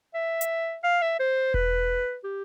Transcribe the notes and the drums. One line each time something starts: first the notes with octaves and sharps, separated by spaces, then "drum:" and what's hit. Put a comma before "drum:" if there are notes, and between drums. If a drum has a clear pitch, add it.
E5
drum: hi-hat
F5
E5
C5
B4, drum: kick E1
G4